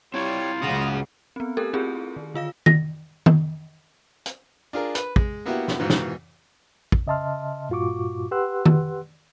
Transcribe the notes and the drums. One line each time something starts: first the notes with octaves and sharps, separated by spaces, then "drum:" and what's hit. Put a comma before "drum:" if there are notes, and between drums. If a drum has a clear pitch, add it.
G3 C4 E4 F4 C#5
C#2 C#3 C#4 F#4 F#5 A#5 D#6
B3 C4
A3 G4 A4 A#4
C4 E4 F4 G4 G#4
D#3
D3 F4 F5 A#6
A#6, drum: tom D#3
drum: tom D#3
drum: hi-hat
D4 F4 G#4 A#4
B4, drum: hi-hat
G#3, drum: kick
A#3 B3 E4 F#4 G4
drum: snare
G#2 B2 D#3 E3 F4
drum: snare
drum: kick
C#3 D#5 E5 A5 C6 F6
G2 A#2 F4 F#4 C#6 D6
G4 B4 F#5 C6 E6 F#6
drum: tom D#3